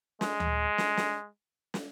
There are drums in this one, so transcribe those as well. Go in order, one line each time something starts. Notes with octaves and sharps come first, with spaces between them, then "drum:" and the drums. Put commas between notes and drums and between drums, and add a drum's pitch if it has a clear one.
G#3, drum: snare
drum: tom D2
drum: snare
drum: snare
drum: snare